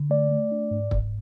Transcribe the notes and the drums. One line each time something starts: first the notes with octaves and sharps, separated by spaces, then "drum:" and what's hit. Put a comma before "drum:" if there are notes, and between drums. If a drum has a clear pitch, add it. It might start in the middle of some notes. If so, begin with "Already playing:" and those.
Already playing: D3
A3 D5
A3
D4
G#2
G#2, drum: kick